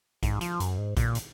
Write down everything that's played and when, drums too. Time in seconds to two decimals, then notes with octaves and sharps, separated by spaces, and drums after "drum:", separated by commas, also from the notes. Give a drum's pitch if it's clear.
0.23 G#2, drum: kick A#1, hi-hat
0.41 F3, drum: hi-hat
0.60 F#2, drum: hi-hat
0.78 G#2
0.97 A#2, drum: kick A#1, hi-hat
1.15 drum: hi-hat